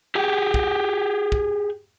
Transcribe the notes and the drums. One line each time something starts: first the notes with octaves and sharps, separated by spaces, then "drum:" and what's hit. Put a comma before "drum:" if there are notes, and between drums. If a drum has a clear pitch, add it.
G4 G#4 G5
drum: kick
drum: kick